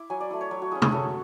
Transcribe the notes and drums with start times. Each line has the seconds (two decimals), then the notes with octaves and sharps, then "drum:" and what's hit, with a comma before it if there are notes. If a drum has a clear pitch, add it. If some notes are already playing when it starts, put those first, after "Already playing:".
Already playing: E4 D6
0.10 F#3 G#5
0.21 D5
0.30 A3 E4
0.41 C#5
0.51 F#3
0.62 F#4
0.71 C#4 E4 G#4
0.82 G#4, drum: tom
0.92 F#3 A4